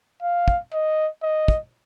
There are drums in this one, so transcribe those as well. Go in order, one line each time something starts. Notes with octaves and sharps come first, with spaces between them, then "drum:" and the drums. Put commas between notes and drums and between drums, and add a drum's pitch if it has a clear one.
F5
drum: kick
D#5
D#5
drum: kick